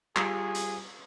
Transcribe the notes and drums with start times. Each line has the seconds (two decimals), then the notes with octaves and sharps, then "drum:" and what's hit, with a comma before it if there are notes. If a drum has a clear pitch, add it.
0.16 G3 F4 G#4, drum: clap
0.55 drum: hi-hat